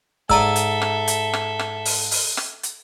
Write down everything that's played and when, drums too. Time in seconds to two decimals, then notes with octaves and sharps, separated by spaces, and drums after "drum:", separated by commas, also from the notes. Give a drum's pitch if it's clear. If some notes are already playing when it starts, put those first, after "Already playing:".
0.30 G#2 A4 D5 E5 A#5 D#6 E6, drum: kick F#1
0.56 drum: hi-hat
0.82 drum: rim click
1.08 drum: hi-hat
1.33 drum: rim click
1.59 drum: rim click
1.85 drum: open hi-hat
2.11 drum: open hi-hat
2.37 drum: rim click
2.63 drum: hi-hat